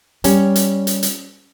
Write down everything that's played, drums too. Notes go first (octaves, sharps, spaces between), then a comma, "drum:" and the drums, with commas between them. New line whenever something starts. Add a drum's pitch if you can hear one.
G3 C#4, drum: hi-hat
drum: hi-hat
drum: hi-hat
drum: hi-hat